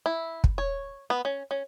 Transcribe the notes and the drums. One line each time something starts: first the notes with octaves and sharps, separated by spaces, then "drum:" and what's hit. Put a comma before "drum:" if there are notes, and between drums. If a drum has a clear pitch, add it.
E4
drum: kick
C#5
B3
C#4
C#4